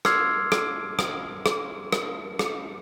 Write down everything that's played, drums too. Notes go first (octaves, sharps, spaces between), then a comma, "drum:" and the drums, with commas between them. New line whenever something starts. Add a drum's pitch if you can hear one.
C6 D6 E6 F6 G#6 C7, drum: rim click
drum: rim click
drum: rim click
drum: rim click
drum: rim click
drum: rim click